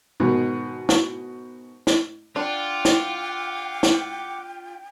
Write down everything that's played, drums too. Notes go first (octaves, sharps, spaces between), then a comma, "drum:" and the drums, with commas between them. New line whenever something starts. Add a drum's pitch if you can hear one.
G#2 B2 D#3
drum: snare
drum: snare
D4 F4 F#5 G5 D6
drum: snare
drum: snare